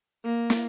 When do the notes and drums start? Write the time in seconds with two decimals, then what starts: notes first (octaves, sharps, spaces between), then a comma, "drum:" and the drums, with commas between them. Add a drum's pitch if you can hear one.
0.25 A#3
0.50 drum: snare